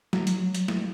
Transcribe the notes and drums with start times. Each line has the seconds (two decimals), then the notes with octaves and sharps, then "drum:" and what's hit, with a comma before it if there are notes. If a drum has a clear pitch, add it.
0.13 F#3, drum: snare
0.27 drum: hi-hat
0.55 drum: hi-hat
0.68 drum: snare